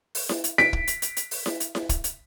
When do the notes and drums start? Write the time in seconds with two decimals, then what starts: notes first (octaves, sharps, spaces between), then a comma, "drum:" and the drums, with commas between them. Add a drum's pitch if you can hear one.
0.15 drum: open hi-hat
0.29 drum: snare E4
0.44 drum: hi-hat
0.58 B6 D7, drum: snare E4
0.73 drum: kick
0.87 drum: hi-hat
1.02 drum: hi-hat
1.17 drum: hi-hat
1.31 drum: open hi-hat
1.46 drum: snare E4
1.60 drum: hi-hat
1.75 drum: snare E4
1.89 drum: kick, hi-hat
2.04 drum: hi-hat